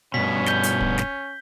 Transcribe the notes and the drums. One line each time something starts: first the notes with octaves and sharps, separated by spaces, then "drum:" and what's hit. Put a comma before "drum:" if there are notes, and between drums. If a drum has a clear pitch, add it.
G2 B2 C#4 B6
G6 G7, drum: snare
drum: hi-hat
drum: kick
drum: snare